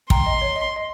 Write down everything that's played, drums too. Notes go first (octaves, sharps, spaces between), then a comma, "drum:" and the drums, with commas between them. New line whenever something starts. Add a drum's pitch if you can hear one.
G5 A#5 C6, drum: kick
D#5
C#5
D#5
D#5